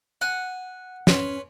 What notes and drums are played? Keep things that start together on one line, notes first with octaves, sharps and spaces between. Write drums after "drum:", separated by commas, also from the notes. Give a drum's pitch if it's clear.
F#5 G#5
C#4 B4 C#5 C6, drum: snare